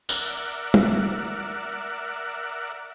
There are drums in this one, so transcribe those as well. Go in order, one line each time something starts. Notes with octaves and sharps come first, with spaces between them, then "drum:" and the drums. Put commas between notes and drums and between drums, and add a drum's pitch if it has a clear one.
A#4 D5 E5 F#5, drum: tambourine
drum: tom